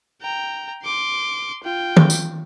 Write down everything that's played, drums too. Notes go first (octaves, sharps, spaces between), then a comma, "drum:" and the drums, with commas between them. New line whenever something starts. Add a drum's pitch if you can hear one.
G5 A#5
C6 D6
F4 G5
drum: tom
drum: tambourine